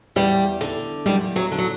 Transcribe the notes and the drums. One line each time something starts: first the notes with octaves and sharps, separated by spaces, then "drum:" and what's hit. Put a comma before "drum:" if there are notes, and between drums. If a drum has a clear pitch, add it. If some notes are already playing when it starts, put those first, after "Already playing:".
E2 G3
D3
E2 G3, drum: tom F#3
F#3
D3
F#3